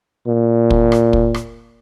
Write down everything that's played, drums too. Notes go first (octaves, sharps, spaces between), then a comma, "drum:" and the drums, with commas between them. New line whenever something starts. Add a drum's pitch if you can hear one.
A#2
drum: kick
drum: rim click
drum: kick
drum: rim click